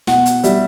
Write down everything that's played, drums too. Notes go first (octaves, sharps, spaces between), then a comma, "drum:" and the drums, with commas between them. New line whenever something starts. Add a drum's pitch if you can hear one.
B2 F#5, drum: snare
drum: hi-hat
G3 E5, drum: hi-hat